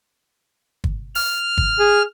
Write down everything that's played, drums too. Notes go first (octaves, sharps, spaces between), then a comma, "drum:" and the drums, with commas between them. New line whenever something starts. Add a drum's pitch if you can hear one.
drum: kick
F6, drum: open hi-hat
drum: kick
G#4